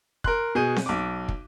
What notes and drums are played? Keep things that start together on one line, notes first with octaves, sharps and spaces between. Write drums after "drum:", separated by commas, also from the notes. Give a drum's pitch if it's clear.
A#4 C6 F#6, drum: kick
B2 G#4 G6 D#7
drum: snare C4
B1 D6
drum: kick